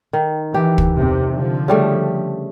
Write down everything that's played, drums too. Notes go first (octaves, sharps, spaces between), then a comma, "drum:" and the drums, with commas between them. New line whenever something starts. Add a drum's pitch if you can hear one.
D#3
E3 G4
drum: kick
E2 C3
D3 F3
C#3 G3 A3